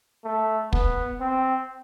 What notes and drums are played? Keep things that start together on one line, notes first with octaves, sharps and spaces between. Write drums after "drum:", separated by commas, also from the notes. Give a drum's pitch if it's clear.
A3
B3, drum: kick
C4